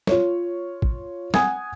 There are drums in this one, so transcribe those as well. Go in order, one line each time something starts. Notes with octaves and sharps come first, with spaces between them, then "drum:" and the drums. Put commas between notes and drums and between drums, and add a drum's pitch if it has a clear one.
F4 C#5, drum: snare
drum: kick
F#5 G#5 D#6 G#6, drum: snare